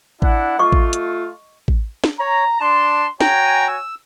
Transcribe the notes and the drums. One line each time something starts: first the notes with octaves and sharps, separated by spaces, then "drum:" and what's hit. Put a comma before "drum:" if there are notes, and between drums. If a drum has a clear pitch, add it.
D4 E4 F#5, drum: kick A1
A3 F4 D#5 C#6 D6
drum: kick A1
drum: hi-hat
drum: kick A1
drum: snare
C#5 A#5
D4 A5 C6
F#4 C#5 G5 G#5 A#5, drum: snare
E6